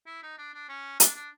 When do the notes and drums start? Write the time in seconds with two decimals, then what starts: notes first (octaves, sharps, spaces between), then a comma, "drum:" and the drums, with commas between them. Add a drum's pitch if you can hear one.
0.06 E4
0.23 D#4
0.38 D4
0.54 D4
0.69 C#4
1.00 D4, drum: hi-hat
1.15 D4